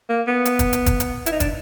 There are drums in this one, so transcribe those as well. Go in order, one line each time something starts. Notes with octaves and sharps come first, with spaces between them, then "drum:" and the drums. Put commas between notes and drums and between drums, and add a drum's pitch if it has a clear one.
A#3
B3
drum: hi-hat
drum: kick, hi-hat
drum: hi-hat
drum: kick, hi-hat
drum: hi-hat
E4, drum: hi-hat
D#4
D4, drum: kick, hi-hat